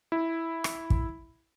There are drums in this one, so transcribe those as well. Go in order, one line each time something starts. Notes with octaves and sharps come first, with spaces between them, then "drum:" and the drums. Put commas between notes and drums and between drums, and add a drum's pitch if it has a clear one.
E4
drum: rim click
drum: kick